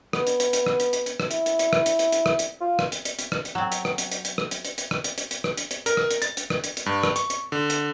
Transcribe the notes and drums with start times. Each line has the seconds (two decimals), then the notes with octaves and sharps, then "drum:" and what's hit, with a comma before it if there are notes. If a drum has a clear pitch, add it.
0.13 B3, drum: rim click
0.27 drum: hi-hat
0.40 drum: hi-hat
0.53 drum: hi-hat
0.66 drum: rim click
0.80 drum: hi-hat
0.93 drum: hi-hat
1.06 drum: hi-hat
1.20 drum: rim click
1.31 E4, drum: hi-hat
1.46 drum: hi-hat
1.59 drum: hi-hat
1.73 drum: rim click
1.86 drum: hi-hat
1.99 drum: hi-hat
2.12 drum: hi-hat
2.26 drum: rim click
2.39 drum: hi-hat
2.61 F4
2.79 drum: rim click
2.92 drum: hi-hat
3.05 drum: hi-hat
3.19 drum: hi-hat
3.32 drum: rim click
3.45 drum: hi-hat
3.55 F#3 C4
3.72 drum: hi-hat
3.85 drum: rim click
3.98 drum: hi-hat
4.12 drum: hi-hat
4.25 drum: hi-hat
4.38 drum: rim click
4.51 drum: hi-hat
4.65 drum: hi-hat
4.78 drum: hi-hat
4.91 drum: rim click
5.04 drum: hi-hat
5.18 drum: hi-hat
5.31 drum: hi-hat
5.44 drum: rim click
5.57 drum: hi-hat
5.71 drum: hi-hat
5.86 A#4, drum: hi-hat
5.97 drum: rim click
6.11 drum: hi-hat
6.22 A6, drum: hi-hat
6.37 drum: hi-hat
6.50 drum: rim click
6.64 drum: hi-hat
6.77 drum: hi-hat
6.86 G2
7.03 drum: rim click
7.16 C#6, drum: hi-hat
7.30 drum: hi-hat
7.52 D3
7.70 drum: hi-hat